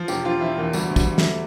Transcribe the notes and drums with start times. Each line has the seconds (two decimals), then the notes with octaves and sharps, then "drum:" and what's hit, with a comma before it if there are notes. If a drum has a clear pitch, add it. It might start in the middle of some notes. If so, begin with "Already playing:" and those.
Already playing: F3
0.08 E1 G4, drum: tambourine
0.25 F3 F4
0.41 F3 E4
0.58 E2 A#3
0.73 D2 G3, drum: tambourine
0.90 D2
0.96 G3, drum: kick, tambourine
1.07 D2
1.18 A3, drum: snare